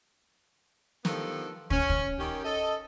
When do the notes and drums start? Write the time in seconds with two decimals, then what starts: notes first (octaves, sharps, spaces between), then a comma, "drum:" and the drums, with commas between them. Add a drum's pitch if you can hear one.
1.05 D3 D#3 F3 B3 G4 A4, drum: snare
1.70 C#4, drum: kick
1.90 drum: kick
2.19 D#3 C#4 G4
2.44 A4 D#5